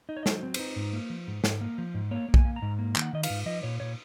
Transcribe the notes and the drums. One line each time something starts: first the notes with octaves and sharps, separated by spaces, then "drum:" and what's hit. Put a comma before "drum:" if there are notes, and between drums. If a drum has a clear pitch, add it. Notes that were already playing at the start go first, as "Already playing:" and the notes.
D#4 D#5
C#5
D#5
F#3 C5, drum: snare
C4
D#4 C5, drum: cymbal
G#2
A#3
F3
G#2
G#2, drum: snare
A#3
F3
G#2
A#3 C#5
A#3
G#5, drum: kick
A#3
A#5
G#2
A#3
D#3, drum: clap
F#5
D#3 D#5
F5, drum: cymbal
G#2
F3 D#5
A#2 C#5
A#2 C#5